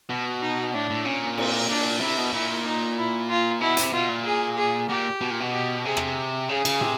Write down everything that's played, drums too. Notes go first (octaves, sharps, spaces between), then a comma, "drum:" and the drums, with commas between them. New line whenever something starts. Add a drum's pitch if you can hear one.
B2
D#4
A2 D4
A2
A#2 C#4
C4, drum: cymbal
A#2 D4
C3 E4
B2
A#2 E4
D#4
E4
F4
B2 E4
C3, drum: hi-hat
B2 F4
A#2
G#4
G#4
A#2 G4
B2
A#2
B2
G4
C3 G#4
drum: rim click
C#3 G#4
C#3, drum: cymbal
C3, drum: tom